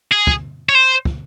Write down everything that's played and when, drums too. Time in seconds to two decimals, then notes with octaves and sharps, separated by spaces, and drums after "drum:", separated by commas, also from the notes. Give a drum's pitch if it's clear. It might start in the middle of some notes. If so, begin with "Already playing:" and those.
0.11 G#4
0.27 drum: kick
0.69 C#5
0.75 C5
1.05 drum: kick